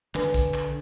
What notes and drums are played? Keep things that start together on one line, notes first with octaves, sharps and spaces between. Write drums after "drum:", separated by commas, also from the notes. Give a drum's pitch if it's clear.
D3 B4 G#5, drum: clap
drum: kick B1, hi-hat
drum: clap